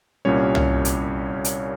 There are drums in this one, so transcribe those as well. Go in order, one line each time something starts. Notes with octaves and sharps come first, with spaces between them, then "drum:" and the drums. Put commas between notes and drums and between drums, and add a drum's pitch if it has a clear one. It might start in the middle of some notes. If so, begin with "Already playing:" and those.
C2 A#2 G3 C#4 C#5
drum: tom C2
drum: hi-hat
drum: hi-hat